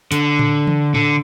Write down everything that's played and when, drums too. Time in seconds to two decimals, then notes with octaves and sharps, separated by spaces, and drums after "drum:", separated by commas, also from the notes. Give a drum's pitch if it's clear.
0.12 D3, drum: hi-hat
0.39 drum: tom A2
0.67 drum: tom E3
0.95 D3, drum: tom A2